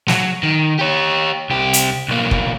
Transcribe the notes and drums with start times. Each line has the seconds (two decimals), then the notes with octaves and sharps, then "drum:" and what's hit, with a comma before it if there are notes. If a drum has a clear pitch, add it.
0.08 F#3, drum: snare
0.43 D#3
0.79 G4 C#5
1.50 C2 G4
1.73 drum: hi-hat
2.08 B1 A#3
2.31 drum: kick